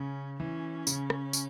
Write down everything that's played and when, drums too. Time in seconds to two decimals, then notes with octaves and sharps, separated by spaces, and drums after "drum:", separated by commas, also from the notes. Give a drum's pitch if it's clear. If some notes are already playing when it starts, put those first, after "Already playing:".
Already playing: C#3 C#4
0.40 E3 C#4
0.87 C#3, drum: tambourine
1.10 drum: rim click
1.33 drum: tambourine